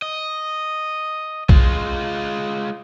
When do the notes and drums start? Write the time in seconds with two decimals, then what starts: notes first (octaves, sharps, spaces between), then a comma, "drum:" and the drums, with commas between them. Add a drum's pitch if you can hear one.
0.02 D#5
1.49 G#3 F4, drum: kick